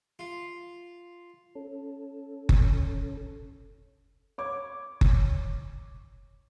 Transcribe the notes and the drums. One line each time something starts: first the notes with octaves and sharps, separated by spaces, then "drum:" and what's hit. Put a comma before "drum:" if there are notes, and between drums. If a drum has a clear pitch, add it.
F4
C#4 A4
drum: kick F#1
C#5 D6 G#6
drum: kick F#1